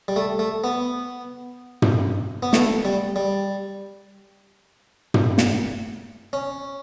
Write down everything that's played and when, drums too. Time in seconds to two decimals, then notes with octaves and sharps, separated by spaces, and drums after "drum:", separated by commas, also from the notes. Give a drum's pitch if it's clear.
0.08 G3
0.16 A3
0.39 A3
0.64 B3
1.82 drum: tom
2.43 B3
2.53 A3, drum: snare
2.85 G3
3.16 G3
5.14 drum: tom
5.38 drum: snare
6.33 C#4